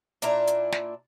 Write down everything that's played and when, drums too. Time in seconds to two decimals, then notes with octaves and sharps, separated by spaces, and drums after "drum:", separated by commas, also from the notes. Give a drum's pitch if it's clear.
0.22 A#2 D4 E4 A#5, drum: hi-hat
0.47 drum: hi-hat
0.73 drum: snare